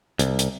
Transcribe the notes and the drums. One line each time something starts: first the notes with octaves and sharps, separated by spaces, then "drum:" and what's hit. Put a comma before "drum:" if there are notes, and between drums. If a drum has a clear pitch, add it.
C2, drum: hi-hat
drum: hi-hat